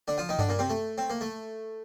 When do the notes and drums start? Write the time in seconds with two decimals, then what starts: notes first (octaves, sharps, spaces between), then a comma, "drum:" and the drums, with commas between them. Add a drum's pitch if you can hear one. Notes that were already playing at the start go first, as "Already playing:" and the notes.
0.08 D3 D4
0.18 F3 F4
0.29 D#3 D#4
0.39 D3 D4, drum: tom G2
0.49 A#2 A#3
0.59 C3 C4
0.70 A3
0.98 C4
1.10 A#3
1.21 A3